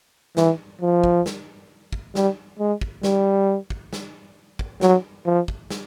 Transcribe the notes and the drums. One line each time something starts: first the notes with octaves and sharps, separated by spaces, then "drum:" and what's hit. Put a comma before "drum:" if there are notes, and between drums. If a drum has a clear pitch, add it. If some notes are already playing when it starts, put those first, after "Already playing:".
E3, drum: snare
F3
drum: kick
drum: snare
drum: kick
G3, drum: snare
G#3
drum: kick
G3, drum: snare
drum: kick
drum: snare
drum: kick
F#3, drum: snare
F3
drum: kick
drum: snare